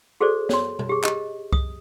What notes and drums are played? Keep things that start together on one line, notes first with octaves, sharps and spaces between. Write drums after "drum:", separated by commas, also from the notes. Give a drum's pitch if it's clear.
F#4 G#4 A4 C5 D5
C#5 C6, drum: snare
drum: tom B2
G4 G#4
G4 D#5, drum: clap
D#6, drum: kick C2